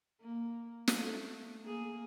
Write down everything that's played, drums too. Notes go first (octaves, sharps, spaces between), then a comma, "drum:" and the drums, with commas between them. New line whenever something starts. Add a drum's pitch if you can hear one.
A#3
drum: snare
A3
A#3 G#4